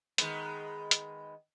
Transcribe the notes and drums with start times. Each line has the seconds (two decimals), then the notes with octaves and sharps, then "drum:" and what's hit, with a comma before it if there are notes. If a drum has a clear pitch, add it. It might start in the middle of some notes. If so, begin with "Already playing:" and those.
0.18 D#3 G#3 B3, drum: hi-hat
0.91 drum: hi-hat